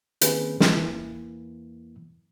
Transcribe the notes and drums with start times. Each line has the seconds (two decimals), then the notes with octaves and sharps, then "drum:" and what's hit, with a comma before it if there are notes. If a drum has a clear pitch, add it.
0.21 D#3 A#3 C4 C#4 G#4 B4, drum: hi-hat
0.60 drum: snare
0.76 E2 E3 A#3